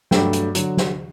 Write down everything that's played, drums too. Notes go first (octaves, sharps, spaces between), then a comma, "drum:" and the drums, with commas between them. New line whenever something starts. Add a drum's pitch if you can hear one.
G2 F#3 A3 G5, drum: snare
drum: hi-hat
D3 F#3, drum: hi-hat
drum: snare